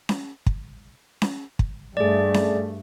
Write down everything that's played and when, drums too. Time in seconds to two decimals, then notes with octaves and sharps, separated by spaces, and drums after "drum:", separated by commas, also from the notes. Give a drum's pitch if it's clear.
0.09 drum: snare C#4
0.46 drum: kick
1.22 drum: snare C#4
1.59 drum: kick
1.97 G2 G3 A3 G#4 D5
2.34 drum: snare C#4